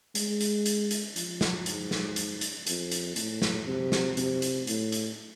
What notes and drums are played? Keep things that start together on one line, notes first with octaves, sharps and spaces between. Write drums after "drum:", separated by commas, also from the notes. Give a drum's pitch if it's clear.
G#3, drum: hi-hat
drum: hi-hat
drum: hi-hat
drum: hi-hat
F3, drum: hi-hat
drum: snare
G#2, drum: hi-hat
drum: snare
drum: hi-hat
drum: hi-hat
F2, drum: hi-hat
drum: hi-hat
A2, drum: hi-hat
drum: snare
C3
drum: snare
C3, drum: hi-hat
drum: hi-hat
A2, drum: hi-hat
drum: hi-hat